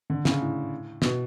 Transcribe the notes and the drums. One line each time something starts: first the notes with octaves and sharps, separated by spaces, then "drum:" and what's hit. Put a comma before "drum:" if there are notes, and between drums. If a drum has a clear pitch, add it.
D3
C#3, drum: snare
A2
B2, drum: snare